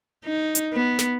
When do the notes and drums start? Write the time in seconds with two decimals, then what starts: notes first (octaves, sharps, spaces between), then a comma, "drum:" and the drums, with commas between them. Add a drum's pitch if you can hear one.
0.25 D#4
0.55 drum: hi-hat
0.73 B3
0.99 drum: snare